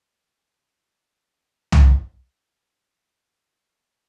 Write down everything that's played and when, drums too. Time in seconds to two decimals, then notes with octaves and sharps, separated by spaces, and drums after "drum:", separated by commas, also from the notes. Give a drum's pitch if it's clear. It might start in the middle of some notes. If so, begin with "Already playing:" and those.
Already playing: G4
0.08 G#4
0.25 C5
0.41 D3 D#4
0.54 C4
0.66 A#3
0.78 A#3
0.90 F3 C4
1.03 A#3
1.15 C4
1.27 D4
1.39 D3
1.72 drum: tom C2
2.37 C5
2.54 D5
2.71 C5
2.87 D3
3.37 C3
3.85 A#4